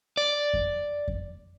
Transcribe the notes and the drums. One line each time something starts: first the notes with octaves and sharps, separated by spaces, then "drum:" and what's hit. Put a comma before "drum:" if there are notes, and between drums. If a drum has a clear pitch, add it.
D5
drum: kick F2
drum: kick F2